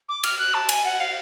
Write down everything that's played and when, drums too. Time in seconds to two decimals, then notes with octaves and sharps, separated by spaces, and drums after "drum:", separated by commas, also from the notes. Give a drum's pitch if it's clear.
0.08 D6
0.23 F6, drum: cymbal
0.38 F#6
0.54 A5
0.69 G#5, drum: cymbal
0.84 F#5
1.00 F5